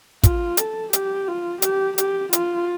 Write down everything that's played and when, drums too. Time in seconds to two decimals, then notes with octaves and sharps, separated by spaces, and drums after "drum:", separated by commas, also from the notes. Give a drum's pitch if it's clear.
0.23 F4, drum: kick, hi-hat
0.57 A4, drum: hi-hat
0.93 G4, drum: hi-hat
1.28 F4
1.62 G4, drum: hi-hat
1.98 G4, drum: hi-hat
2.33 F4, drum: hi-hat